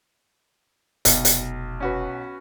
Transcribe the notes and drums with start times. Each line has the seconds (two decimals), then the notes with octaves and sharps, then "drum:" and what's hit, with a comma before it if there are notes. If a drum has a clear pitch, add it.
1.05 F1 B1, drum: hi-hat
1.25 drum: hi-hat
1.80 C#4 F#4 B4